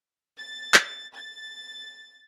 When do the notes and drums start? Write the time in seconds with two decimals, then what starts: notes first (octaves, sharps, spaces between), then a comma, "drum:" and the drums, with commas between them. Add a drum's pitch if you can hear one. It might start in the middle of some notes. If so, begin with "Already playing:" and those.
0.38 A6
0.74 drum: clap
1.14 A6